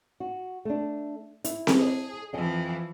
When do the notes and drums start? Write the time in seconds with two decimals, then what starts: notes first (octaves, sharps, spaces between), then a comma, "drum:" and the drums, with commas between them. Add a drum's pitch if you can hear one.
0.20 F#4
0.65 A3 D4
1.44 E4, drum: hi-hat
1.67 drum: snare C4
1.79 G#4 A4 D#5
2.33 F2 E3 F3 D#5 G#5